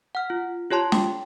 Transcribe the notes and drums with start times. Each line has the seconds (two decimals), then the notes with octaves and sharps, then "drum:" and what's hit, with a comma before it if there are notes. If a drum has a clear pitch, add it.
0.15 F#5 F6
0.30 F4
0.71 F4 G4 C#5 A5 C6
0.92 G5, drum: snare